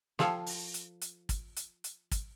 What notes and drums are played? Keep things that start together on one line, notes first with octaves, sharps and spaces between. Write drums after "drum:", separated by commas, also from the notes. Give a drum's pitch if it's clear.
F3 G#4 A4 F5 G5, drum: snare
drum: open hi-hat
drum: hi-hat
drum: hi-hat
drum: kick G#1, hi-hat
drum: hi-hat
drum: hi-hat
drum: kick G#1, hi-hat